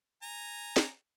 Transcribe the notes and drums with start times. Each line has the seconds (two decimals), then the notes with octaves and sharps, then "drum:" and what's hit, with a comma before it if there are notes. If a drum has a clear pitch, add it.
0.22 G#5 A#5
0.77 drum: snare